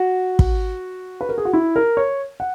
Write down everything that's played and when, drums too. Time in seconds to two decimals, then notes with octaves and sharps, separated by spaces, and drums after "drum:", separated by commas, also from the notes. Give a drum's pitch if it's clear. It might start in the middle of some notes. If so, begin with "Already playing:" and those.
Already playing: F#4
0.39 drum: kick
1.21 B4
1.29 A#4
1.38 G#4
1.45 F#4
1.53 E4
1.76 A#4
1.97 C#5
2.40 F#5